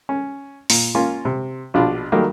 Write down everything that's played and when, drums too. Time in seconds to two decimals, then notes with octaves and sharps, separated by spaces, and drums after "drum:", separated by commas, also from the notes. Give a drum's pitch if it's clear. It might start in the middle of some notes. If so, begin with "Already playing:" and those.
0.09 C#4
0.70 A#2, drum: open hi-hat
0.95 A#3 C#4 F4
1.25 C3
1.74 A#1 B2 D4 F4
2.12 D#3 F#3 G3 A3 A#3